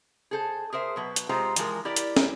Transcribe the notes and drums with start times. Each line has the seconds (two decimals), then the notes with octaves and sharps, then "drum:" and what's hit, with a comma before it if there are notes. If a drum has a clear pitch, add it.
0.31 G#4 A4 C5
0.73 G#4 A#4 C5 E5
0.96 B2 F#3 B4
1.16 drum: hi-hat
1.29 C3 G#3 F4 G4 C5 A#5
1.56 E3 F3 G#3 A#4, drum: hi-hat
1.85 E4 G4 A#4 D5
1.96 drum: hi-hat
2.17 drum: snare